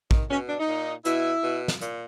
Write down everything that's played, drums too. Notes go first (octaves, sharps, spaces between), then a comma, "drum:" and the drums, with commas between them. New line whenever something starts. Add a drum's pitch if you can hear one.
D#3, drum: kick
B2 C#4
D4
D#4
A#2
B2 E4, drum: hi-hat
B2
drum: snare
A#2, drum: hi-hat